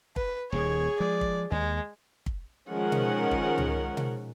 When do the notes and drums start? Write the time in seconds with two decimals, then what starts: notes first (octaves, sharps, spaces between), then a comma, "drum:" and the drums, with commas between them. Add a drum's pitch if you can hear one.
0.16 B4, drum: kick
0.52 D#1 D#2 D#3 G#4 C#5
1.00 F3 G#3 D5
1.21 drum: kick
1.51 D#2 G#3
2.26 drum: kick
2.71 D#3 F3 G#3 C#4 A#4 F#5
2.92 drum: tom B2
3.31 drum: kick
3.58 drum: tom C#2
3.97 drum: tom B2